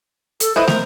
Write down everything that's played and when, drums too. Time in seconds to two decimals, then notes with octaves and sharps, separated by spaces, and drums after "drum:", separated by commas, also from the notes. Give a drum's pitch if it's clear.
0.40 A4, drum: hi-hat
0.56 E4 B4 C5 D#5
0.68 A#4, drum: snare